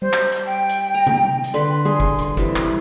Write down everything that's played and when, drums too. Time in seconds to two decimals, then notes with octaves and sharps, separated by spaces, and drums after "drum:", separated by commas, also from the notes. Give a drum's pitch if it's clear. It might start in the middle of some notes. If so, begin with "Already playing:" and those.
0.02 G3 C5
0.13 drum: clap
0.32 drum: hi-hat
0.46 G5
0.69 drum: hi-hat
0.94 A#5
1.07 drum: tom C3
1.44 drum: hi-hat
1.54 D3 B4 C6
1.85 G3 G#4
2.00 drum: kick
2.19 drum: hi-hat
2.37 C3 E3, drum: kick
2.56 drum: clap